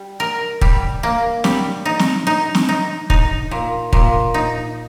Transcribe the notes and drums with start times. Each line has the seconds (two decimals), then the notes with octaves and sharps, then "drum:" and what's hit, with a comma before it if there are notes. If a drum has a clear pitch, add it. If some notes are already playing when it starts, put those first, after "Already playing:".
Already playing: G3
0.20 A#4
0.61 G3, drum: kick
1.03 A#3
1.44 G3, drum: snare
1.85 D#4
1.99 drum: snare
2.27 D#4
2.55 drum: snare
2.69 D#4
3.10 D#4, drum: kick
3.51 A#2
3.93 A#2, drum: kick
4.34 D#4